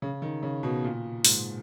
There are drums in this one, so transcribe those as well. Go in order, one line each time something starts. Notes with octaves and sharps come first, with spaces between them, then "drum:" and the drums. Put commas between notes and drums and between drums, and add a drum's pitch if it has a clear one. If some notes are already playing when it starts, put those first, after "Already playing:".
C#3
D#3
C#3
B2
A#2
G#2, drum: open hi-hat